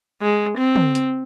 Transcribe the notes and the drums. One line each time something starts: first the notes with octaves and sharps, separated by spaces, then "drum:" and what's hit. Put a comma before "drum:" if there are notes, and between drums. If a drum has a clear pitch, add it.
G#3
C4
drum: tom
drum: hi-hat